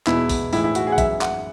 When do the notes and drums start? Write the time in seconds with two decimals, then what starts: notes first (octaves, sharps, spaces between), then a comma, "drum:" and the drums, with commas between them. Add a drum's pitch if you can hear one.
0.07 E2 B2 G#3 E4, drum: clap
0.29 drum: kick, open hi-hat
0.53 A2 E3 G#3 E4, drum: open hi-hat
0.64 E4
0.75 F#4, drum: hi-hat
0.87 G#4
0.92 F#5
0.98 F#2 E3 G#3 E5, drum: kick, hi-hat
1.21 F#5, drum: clap